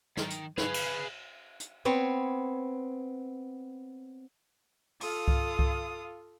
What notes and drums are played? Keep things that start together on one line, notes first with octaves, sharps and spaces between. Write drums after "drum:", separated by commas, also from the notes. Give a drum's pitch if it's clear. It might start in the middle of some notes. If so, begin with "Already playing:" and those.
D#3, drum: snare
drum: hi-hat
G#4 B4 F5, drum: snare
drum: cymbal
drum: hi-hat
B3 C4 C#5
F4 A4 F5 D#6, drum: open hi-hat
drum: kick C2
drum: kick C2